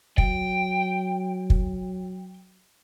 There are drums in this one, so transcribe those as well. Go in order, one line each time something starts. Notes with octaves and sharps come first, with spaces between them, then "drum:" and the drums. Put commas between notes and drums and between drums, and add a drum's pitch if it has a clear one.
F#3 G5, drum: kick
drum: kick